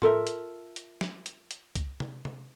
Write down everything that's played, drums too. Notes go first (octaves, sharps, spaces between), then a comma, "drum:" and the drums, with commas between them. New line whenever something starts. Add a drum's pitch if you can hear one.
F4 A4 A#4 E5, drum: tom A2
drum: hi-hat
drum: hi-hat
drum: snare
drum: hi-hat
drum: hi-hat
drum: kick C#2, hi-hat
drum: tom C3
drum: tom C3